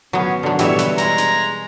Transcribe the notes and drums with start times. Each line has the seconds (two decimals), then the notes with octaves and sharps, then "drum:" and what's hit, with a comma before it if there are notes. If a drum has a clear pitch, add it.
0.13 F#3 B3 C#4
0.43 D3 D#3 F#3
0.59 B2 E3 G3 A3 C#5 E5, drum: hi-hat
0.79 B4, drum: hi-hat
0.98 G#3 A#5, drum: hi-hat
1.18 drum: hi-hat